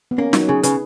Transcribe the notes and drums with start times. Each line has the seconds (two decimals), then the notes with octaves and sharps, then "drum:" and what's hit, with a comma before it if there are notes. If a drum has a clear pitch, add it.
0.11 B3
0.18 A#3 C#4
0.33 F#3 D#4, drum: snare
0.48 C#3 G#4
0.63 C#3 B4, drum: hi-hat